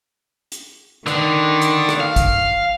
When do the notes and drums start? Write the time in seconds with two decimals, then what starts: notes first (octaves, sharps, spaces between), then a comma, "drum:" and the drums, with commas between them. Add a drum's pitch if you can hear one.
0.52 drum: hi-hat
1.07 D3 D#3, drum: rim click
1.61 drum: hi-hat
1.89 drum: rim click
2.00 F5
2.16 drum: kick, hi-hat